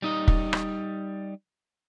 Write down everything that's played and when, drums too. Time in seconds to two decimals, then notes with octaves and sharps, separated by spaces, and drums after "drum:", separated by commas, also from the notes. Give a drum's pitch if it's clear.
0.02 G3 D#4 D#5
0.28 drum: kick
0.53 drum: rim click